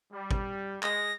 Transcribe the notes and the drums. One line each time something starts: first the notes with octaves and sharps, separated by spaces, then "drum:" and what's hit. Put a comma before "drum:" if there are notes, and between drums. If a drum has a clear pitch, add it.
G3
drum: kick
G#3 A#6, drum: clap